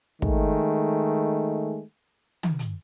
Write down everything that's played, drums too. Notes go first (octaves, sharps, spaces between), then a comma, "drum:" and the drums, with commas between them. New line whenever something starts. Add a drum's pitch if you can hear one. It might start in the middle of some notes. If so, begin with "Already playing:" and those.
D#3 G#3 A3, drum: kick
drum: tom
drum: hi-hat